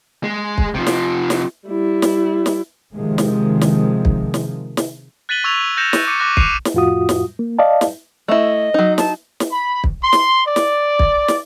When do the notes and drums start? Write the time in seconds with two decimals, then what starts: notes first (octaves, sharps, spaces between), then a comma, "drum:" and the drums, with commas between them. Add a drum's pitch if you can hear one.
0.24 G#3
0.58 drum: kick
0.74 C3 F3
0.87 drum: snare
1.30 drum: snare
1.68 G3 E4
2.02 drum: snare
2.46 drum: snare
2.94 C3 D#3 F3 G#3
3.18 drum: snare
3.61 drum: snare
4.05 drum: kick
4.34 drum: snare
4.77 drum: snare
5.29 F#6 A6 B6 D#7 F#7 G7
5.44 C#6 E6 G#6 D#7 F7
5.77 F6 G6 A#6 C#7 E7 F7
5.93 drum: snare
6.07 D6 C#7 D#7
6.19 C#6 D6 F#6 A#6
6.37 F#6 C7 C#7 D#7 F7, drum: kick
6.65 drum: snare
6.74 F2 A2 F4 F#4 D#6
7.09 drum: snare
7.39 A#3
7.59 D5 D#5 F5 A5
7.81 drum: snare
8.28 A3 E4 D#5
8.74 F#3 D#4
8.98 A5, drum: snare
9.40 drum: snare
9.52 B5
9.84 drum: kick
10.02 C6
10.13 drum: snare
10.46 D5
10.56 drum: snare
10.99 drum: kick
11.28 drum: snare